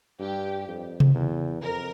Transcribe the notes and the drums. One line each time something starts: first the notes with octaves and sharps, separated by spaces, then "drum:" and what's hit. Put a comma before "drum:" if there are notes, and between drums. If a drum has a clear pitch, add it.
G2 G4
F2
drum: tom C3
E2
F2 A#4